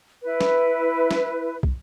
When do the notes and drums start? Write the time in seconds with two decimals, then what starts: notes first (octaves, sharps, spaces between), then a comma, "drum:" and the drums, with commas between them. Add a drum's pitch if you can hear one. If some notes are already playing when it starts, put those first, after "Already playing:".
0.23 E4 B4
0.41 drum: snare
1.11 drum: snare
1.63 drum: kick